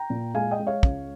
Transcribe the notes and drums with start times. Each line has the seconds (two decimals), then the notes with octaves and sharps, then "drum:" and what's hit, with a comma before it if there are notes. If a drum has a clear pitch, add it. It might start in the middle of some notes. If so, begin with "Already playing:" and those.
Already playing: G5 A#5
0.10 A#2
0.34 G#3 F5 G#5
0.51 D#5 G5
0.59 G#3
0.67 C#5 F5
0.83 C#2, drum: kick